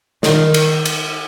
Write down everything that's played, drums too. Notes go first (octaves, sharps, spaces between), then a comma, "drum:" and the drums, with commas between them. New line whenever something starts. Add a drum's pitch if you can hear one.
D#3, drum: snare
drum: cymbal
drum: cymbal